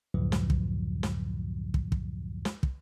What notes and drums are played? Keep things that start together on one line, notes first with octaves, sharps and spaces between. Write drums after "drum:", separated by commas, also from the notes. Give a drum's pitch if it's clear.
C#2 F#2 A2 D3 F3 F#3
drum: snare
drum: kick
drum: snare
drum: kick
drum: kick
drum: snare
drum: kick